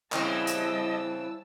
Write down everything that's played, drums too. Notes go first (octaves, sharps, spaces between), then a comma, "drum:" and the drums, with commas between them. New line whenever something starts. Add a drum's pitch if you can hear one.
C#3 E3 G3 C4 E4 D#5 A5 E6, drum: clap
drum: hi-hat